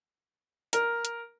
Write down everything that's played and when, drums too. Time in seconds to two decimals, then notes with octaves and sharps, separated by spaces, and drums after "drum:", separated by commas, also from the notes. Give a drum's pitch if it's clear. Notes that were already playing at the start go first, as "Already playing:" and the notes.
0.73 A#4, drum: hi-hat
1.05 drum: hi-hat